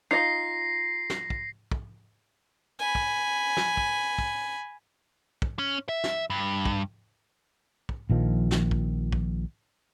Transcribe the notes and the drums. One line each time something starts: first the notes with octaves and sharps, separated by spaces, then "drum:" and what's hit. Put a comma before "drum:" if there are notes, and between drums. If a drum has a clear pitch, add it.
D#4 F4 D#5 A#6 C7
drum: snare
drum: kick
drum: kick
G#5 B5
drum: kick
drum: snare
drum: kick
drum: kick
drum: kick
C#4
E5
drum: snare
G2
drum: kick
drum: kick
A#1 D#3 F3
drum: snare
drum: kick
drum: kick